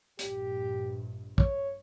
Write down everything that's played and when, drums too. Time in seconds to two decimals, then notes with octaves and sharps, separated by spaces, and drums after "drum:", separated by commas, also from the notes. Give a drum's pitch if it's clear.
0.19 A#1 G2 G4, drum: hi-hat
1.38 C#5, drum: kick